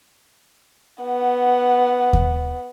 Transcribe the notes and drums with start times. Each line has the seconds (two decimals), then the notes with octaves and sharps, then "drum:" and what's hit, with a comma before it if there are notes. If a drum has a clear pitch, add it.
1.01 B3 F#5
2.13 drum: kick D#2